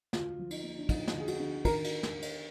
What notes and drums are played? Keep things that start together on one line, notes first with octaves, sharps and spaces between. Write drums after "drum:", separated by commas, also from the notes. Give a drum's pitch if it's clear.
D2 F4, drum: snare
F3
D#4, drum: cymbal
A#3
D4
F3 D#4, drum: kick, cymbal
F4, drum: snare
D2
G#4
F#4, drum: cymbal
D3
D#3 A#4, drum: kick, cymbal
drum: cymbal
drum: snare
drum: cymbal